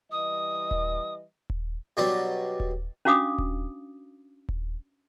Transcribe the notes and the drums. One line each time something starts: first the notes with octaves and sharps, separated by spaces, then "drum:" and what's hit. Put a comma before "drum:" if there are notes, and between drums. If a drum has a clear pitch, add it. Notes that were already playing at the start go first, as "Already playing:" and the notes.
E3 G3 D#5 D#6
drum: kick D#1
drum: kick D#1
B2 F#3 G3 D4 C6
drum: kick D#1
C#4 D4 F#4 F5 D6 D#6
drum: kick D#1
drum: kick D#1